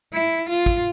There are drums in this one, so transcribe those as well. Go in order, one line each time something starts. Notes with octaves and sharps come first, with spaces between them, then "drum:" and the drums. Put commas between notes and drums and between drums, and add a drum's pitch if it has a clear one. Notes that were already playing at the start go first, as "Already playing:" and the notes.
E4
F4
drum: kick